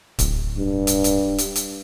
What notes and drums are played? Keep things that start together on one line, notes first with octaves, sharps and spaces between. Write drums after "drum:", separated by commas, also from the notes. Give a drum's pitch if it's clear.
D1, drum: kick, hi-hat
G2
drum: hi-hat
drum: hi-hat
drum: hi-hat
drum: hi-hat